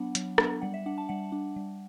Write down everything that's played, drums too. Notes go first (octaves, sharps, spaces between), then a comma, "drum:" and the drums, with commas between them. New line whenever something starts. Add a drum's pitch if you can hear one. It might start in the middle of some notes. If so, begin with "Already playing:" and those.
Already playing: F#3 B3 D4 F#5
F#3, drum: hi-hat
B3 D4, drum: rim click
G3 F#5
E5
D4 F#5
A5
G3 F#5
D4
G3